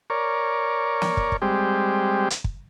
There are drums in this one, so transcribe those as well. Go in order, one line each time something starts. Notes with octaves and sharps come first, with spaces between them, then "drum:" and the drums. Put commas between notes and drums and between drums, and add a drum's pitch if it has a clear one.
A#4 C#5 D5
drum: snare
drum: kick
drum: kick
G3 G#3 C4 G4
drum: hi-hat
drum: kick